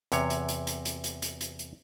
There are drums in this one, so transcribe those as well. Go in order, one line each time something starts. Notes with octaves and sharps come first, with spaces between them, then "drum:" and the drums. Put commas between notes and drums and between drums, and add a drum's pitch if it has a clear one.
E2 C3 C#5, drum: hi-hat
drum: hi-hat
drum: hi-hat
drum: hi-hat
drum: hi-hat
drum: hi-hat
drum: hi-hat
drum: hi-hat
drum: hi-hat